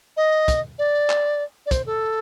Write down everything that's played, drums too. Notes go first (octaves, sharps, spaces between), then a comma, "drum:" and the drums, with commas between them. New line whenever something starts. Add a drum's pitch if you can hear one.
D#5
drum: kick, hi-hat
D5
drum: clap
D5
C5, drum: kick, hi-hat
A4